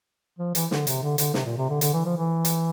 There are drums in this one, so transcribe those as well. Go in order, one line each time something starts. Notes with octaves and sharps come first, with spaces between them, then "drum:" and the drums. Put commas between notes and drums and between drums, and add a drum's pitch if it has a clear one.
F3
E3, drum: hi-hat
D3, drum: snare
C3, drum: hi-hat
D3
D3, drum: hi-hat
C3, drum: snare
A#2
C3
D3
D3, drum: hi-hat
E3
F3
E3
drum: hi-hat